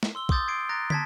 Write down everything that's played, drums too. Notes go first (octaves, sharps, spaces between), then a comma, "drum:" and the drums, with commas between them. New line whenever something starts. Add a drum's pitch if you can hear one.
drum: snare
C6 E6 G7
C6 D6 D#6 G6 A6, drum: kick
G#6 C7 D7
A#5 F#6 A6 A#6 D7
A5 G#6 B6, drum: tom